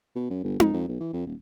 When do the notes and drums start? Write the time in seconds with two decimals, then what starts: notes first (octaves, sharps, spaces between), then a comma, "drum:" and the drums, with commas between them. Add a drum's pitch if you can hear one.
0.15 B2
0.30 F#2
0.44 G1
0.60 F2, drum: tom D#4
0.73 F2
0.88 B1
1.00 E3
1.13 F2
1.27 D#1